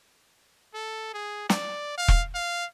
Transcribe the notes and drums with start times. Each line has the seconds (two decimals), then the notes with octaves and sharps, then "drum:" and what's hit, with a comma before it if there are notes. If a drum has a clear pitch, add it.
0.74 A4
1.14 G#4
1.50 D5, drum: snare
1.98 F5
2.08 drum: kick E1
2.35 F5